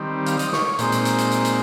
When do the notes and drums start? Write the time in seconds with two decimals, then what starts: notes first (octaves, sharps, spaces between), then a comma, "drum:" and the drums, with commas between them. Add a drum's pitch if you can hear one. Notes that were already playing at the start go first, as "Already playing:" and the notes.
Already playing: D#3 G3 C4
0.26 F5, drum: hi-hat
0.39 D#5, drum: hi-hat
0.53 C#5, drum: snare
0.66 C#5
0.79 A#2 G#3 C4 D#4 C5, drum: hi-hat
0.92 drum: hi-hat
1.05 drum: hi-hat
1.18 drum: hi-hat
1.32 drum: hi-hat
1.45 drum: hi-hat